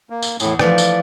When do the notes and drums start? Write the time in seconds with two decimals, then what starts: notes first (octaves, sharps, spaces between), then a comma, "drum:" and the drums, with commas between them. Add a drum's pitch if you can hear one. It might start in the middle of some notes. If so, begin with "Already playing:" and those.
0.10 A#3
0.22 drum: tambourine
0.40 E2 A2 G#4, drum: tambourine
0.59 E3 F3 A3 D5, drum: rim click
0.78 drum: tambourine